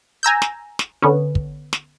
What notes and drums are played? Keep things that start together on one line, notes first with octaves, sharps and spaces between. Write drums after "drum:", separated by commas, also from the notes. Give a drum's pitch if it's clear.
G#5 A#5 E6 G6
drum: snare
drum: snare
D3 B3 C#4
drum: kick
drum: snare